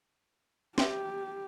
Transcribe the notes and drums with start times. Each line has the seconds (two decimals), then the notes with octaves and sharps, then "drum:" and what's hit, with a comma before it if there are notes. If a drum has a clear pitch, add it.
0.78 G4 E5 G5 C6, drum: snare